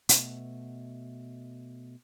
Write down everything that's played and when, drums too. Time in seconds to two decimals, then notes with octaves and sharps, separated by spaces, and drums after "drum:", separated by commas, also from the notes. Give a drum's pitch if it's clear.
0.09 B2 A3, drum: hi-hat